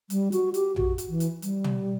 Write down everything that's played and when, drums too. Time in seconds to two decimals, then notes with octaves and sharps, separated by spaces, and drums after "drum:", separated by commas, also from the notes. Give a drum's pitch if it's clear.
0.10 G3, drum: hi-hat
0.32 F#4, drum: hi-hat
0.54 G4, drum: hi-hat
0.76 F#4, drum: tom A#1
0.98 drum: hi-hat
1.09 E3
1.20 drum: hi-hat
1.42 G3, drum: hi-hat
1.64 drum: tom